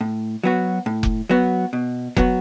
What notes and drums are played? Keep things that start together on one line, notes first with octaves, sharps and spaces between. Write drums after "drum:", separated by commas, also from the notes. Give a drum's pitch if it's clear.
A2
F#3 B3 F#4
A2
drum: kick F1
F#3 B3 F#4
B2
F#3 B3 F#4, drum: kick F1